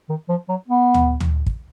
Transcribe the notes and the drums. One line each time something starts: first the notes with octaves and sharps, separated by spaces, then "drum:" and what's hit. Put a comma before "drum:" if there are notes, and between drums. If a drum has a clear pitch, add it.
D#3
F3
F#3
B3
drum: tom D2
drum: tom D2
drum: kick